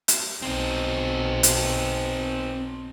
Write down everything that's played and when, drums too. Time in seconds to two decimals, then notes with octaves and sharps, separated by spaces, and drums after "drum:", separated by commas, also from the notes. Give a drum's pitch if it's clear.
0.08 drum: hi-hat
0.42 B1 C4 D#4
1.43 drum: hi-hat